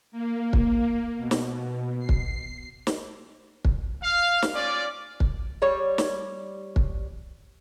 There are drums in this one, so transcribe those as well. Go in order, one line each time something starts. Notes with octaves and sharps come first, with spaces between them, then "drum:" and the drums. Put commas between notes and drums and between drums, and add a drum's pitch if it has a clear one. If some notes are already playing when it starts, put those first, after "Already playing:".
A#3
drum: kick
B2
drum: snare
C7
drum: kick
drum: snare
drum: kick
F5
drum: snare
C#4 F4 D5
drum: kick
G3 C#5
drum: snare
drum: kick